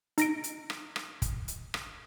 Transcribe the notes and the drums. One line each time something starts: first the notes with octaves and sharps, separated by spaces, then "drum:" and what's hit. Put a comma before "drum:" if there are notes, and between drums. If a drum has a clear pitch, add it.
D#4 A#6 D7, drum: hi-hat
drum: hi-hat
drum: rim click
drum: rim click
drum: kick, hi-hat
drum: hi-hat
drum: rim click